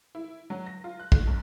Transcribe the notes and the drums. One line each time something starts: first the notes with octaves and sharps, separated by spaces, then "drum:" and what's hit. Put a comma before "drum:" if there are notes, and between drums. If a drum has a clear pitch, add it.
E4
F#3
A#6
F4
F#6
A3, drum: kick
F#2